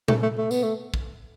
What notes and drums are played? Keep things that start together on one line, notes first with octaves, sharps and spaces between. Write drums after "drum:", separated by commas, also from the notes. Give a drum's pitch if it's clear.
A3, drum: tom A#2
A3
A3
B3, drum: tambourine
A3
drum: kick